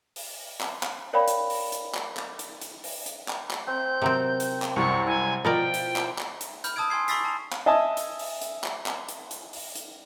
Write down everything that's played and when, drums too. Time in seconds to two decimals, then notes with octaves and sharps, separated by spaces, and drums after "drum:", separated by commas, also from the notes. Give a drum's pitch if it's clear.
0.16 drum: open hi-hat
0.61 drum: clap
0.83 drum: clap
1.13 A#4 C#5 D5 F5 G5 B5
1.28 drum: hi-hat
1.50 drum: open hi-hat
1.72 drum: hi-hat
1.95 drum: clap
2.17 drum: clap
2.39 drum: hi-hat
2.61 drum: hi-hat
2.84 drum: open hi-hat
3.06 drum: hi-hat
3.28 drum: clap
3.51 drum: clap
3.67 C4 G6
4.02 C3 F#3 C4 A#4 C5 F#5
4.40 drum: hi-hat
4.62 drum: clap
4.76 C2 F#2 C#6
5.07 E4 G#5
5.45 B2 F3 A#4 D5 G5
5.74 drum: hi-hat
5.96 drum: clap
6.18 drum: clap
6.41 drum: hi-hat
6.64 B5 F6 G6, drum: hi-hat
6.76 A5 D#6 E6 G#6 D7
6.90 G#5 C6 G#6 C7
7.08 B5 C#6 E6 A6 B6 C7, drum: hi-hat
7.25 A5 F7
7.52 drum: clap
7.66 D#5 E5 G#5 A5 D#6
7.97 drum: hi-hat
8.19 drum: open hi-hat
8.42 drum: hi-hat
8.64 drum: clap
8.86 drum: clap
9.09 drum: hi-hat
9.31 drum: hi-hat
9.53 drum: open hi-hat
9.75 drum: hi-hat